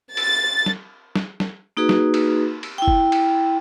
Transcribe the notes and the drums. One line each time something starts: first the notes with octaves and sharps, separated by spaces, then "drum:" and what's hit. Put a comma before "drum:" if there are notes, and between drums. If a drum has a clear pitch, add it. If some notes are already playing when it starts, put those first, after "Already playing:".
A6, drum: cymbal
drum: snare
drum: snare
drum: snare
A#3 D#4 F#4 G#4 B4
drum: snare
drum: cymbal
drum: cymbal
E4 G5
drum: kick
drum: cymbal